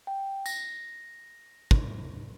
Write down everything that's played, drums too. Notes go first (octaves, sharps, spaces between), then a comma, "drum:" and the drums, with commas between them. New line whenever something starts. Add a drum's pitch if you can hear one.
G5
A#6, drum: tambourine
drum: kick